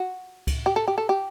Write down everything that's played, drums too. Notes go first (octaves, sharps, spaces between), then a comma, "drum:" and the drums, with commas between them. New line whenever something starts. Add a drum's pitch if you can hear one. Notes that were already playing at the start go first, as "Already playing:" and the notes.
Already playing: F#4
drum: kick C#2, cymbal
G4
A4
G4
A4
G4